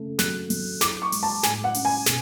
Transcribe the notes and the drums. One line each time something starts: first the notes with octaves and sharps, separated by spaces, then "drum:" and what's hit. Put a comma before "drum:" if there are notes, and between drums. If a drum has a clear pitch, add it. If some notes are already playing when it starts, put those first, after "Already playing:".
Already playing: C#3 A3
F#3 F#6, drum: snare
F#3, drum: open hi-hat
E4 D6, drum: snare
C#6
G#3, drum: open hi-hat
A5
A2 G#5, drum: snare
F#5
C#4, drum: open hi-hat
G#5
B2, drum: snare